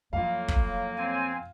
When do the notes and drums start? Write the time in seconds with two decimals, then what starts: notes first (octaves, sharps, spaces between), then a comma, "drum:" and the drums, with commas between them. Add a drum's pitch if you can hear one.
0.13 F2 A2 F#3 A#3 F4 F5
0.48 drum: kick
0.98 C4 G#5